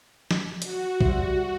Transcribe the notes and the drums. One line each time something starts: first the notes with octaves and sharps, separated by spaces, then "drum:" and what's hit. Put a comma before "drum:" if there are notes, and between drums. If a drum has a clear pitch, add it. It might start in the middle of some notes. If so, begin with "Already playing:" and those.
drum: snare
F#4, drum: hi-hat
G3 C5 E5, drum: kick A#1